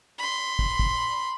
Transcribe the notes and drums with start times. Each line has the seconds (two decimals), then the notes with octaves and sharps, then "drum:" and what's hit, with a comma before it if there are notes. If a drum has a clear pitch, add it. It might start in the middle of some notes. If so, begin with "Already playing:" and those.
0.18 B5 C6
0.59 drum: kick
0.79 drum: kick